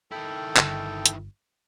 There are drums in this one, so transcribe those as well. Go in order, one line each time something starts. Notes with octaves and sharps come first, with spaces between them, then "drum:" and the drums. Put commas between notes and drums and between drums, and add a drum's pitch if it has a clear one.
D#3 E4 A4 G5
G1, drum: clap
drum: hi-hat